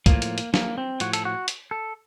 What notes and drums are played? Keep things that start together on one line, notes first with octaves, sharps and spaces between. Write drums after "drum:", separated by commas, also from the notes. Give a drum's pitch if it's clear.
A2 F3 A#3, drum: kick, hi-hat
drum: hi-hat
drum: hi-hat
A#3, drum: snare
C4
A2 F3 F#4, drum: hi-hat
A4, drum: hi-hat
F#4
drum: hi-hat
A4